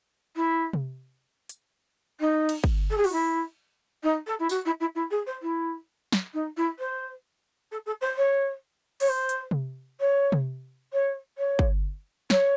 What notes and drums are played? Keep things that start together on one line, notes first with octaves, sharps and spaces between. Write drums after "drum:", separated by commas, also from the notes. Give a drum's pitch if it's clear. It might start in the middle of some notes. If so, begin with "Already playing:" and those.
E4
drum: tom C3
drum: hi-hat
D#4
drum: cymbal
drum: kick
A4
G#4
F#4, drum: open hi-hat
E4
D#4
A4
E4
F#4, drum: tambourine
E4
E4
E4
G#4
C5
E4
drum: snare
D#4
E4
C5
A4
A4
C5
C#5
C#5, drum: open hi-hat
C5
drum: hi-hat
drum: tom C3
C#5
drum: tom C3
C#5
C#5
drum: kick
C#5, drum: snare